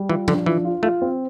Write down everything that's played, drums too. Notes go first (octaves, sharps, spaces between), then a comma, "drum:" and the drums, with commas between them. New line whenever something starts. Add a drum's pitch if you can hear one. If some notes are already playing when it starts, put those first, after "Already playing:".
Already playing: G3
E3 F4
D3 D4, drum: tom F3
E3 F3
F4
A3 F4
C4